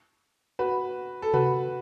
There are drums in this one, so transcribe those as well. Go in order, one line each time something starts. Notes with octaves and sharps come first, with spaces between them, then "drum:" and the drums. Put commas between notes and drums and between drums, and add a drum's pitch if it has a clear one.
F#4 B4
A4
F#4 B4, drum: tom C3